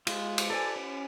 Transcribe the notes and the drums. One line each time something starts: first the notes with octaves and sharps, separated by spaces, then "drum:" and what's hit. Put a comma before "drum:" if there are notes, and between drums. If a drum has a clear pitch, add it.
G#3 F4, drum: cymbal
drum: cymbal
A4 D5 G#5
C#4